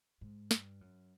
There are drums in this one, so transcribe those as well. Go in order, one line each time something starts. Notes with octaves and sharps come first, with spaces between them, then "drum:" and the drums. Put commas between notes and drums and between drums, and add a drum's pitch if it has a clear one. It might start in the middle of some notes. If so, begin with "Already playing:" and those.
G#2
G2, drum: snare
F#2